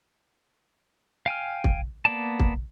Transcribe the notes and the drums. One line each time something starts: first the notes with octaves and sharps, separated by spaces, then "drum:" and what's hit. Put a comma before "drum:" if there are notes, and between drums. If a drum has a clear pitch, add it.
F5 G5 G#5 F6
drum: kick
A#3 B3 D5 A5
drum: kick